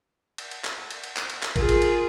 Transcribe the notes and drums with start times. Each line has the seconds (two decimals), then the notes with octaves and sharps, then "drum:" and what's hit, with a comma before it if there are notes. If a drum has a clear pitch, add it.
0.38 drum: cymbal
0.51 drum: cymbal
0.64 drum: clap
0.90 drum: cymbal
1.04 drum: cymbal
1.17 drum: clap
1.30 drum: cymbal
1.43 drum: clap
1.56 F4 G#4 A#4, drum: kick, cymbal
1.69 drum: cymbal
1.82 drum: cymbal